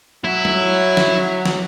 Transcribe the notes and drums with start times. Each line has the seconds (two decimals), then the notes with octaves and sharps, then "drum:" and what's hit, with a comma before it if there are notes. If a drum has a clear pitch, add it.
0.24 F#3 E4
0.45 drum: tom F#3
0.97 drum: snare
1.45 drum: snare